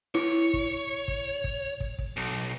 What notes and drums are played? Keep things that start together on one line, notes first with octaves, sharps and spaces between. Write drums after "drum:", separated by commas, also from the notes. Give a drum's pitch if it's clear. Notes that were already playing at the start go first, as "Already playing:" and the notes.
E4 C#5
drum: kick
drum: kick
drum: kick
drum: kick
drum: kick
B1